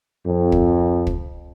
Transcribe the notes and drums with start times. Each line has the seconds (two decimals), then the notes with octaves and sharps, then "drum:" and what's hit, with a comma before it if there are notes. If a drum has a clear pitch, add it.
0.25 F2
0.52 drum: kick
1.07 drum: kick